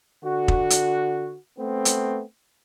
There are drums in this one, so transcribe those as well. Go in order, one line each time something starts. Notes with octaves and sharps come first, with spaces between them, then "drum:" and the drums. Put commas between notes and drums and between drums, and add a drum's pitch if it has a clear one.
D3 F#4
drum: kick
drum: hi-hat
A3 B3 C4
drum: hi-hat